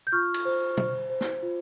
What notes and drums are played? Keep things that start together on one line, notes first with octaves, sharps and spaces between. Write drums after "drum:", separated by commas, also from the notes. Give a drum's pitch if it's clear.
G6
F4 C#6 F6
drum: cymbal
C5
C5, drum: tom
C5
drum: snare
F4